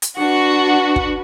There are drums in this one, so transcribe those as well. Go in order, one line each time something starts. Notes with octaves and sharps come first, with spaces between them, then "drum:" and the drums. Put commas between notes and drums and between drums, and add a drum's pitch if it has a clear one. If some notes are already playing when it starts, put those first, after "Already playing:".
drum: hi-hat
D4 F#4 B4
drum: kick